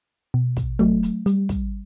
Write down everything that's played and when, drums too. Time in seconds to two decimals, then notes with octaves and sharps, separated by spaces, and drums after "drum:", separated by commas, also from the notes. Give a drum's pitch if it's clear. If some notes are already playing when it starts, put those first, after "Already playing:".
0.34 B2
0.57 drum: kick, hi-hat
0.79 F#3 A3, drum: tom
1.03 drum: hi-hat
1.26 G3, drum: hi-hat
1.49 drum: kick, hi-hat